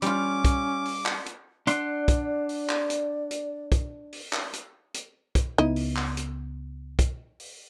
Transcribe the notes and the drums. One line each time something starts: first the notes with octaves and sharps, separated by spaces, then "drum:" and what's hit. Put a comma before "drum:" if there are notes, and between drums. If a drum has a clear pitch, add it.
G3 C#4 F4 D6, drum: hi-hat
drum: kick, hi-hat
drum: open hi-hat
drum: clap
drum: hi-hat
D4 D5 F#5 C6, drum: hi-hat
drum: kick, hi-hat
drum: open hi-hat
drum: clap
drum: hi-hat
drum: hi-hat
drum: kick, hi-hat
drum: open hi-hat
drum: clap
drum: hi-hat
drum: hi-hat
drum: kick, hi-hat
C#2 B3 D#4 E4 D#5
drum: open hi-hat
drum: clap
drum: hi-hat
drum: kick, hi-hat
drum: open hi-hat